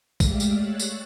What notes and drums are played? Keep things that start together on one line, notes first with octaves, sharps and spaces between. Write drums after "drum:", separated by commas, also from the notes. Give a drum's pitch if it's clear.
G#3 A3 G4 D5 E5 F5, drum: kick B1, tambourine
drum: tambourine
C#5 E6 F#6 A6
drum: tambourine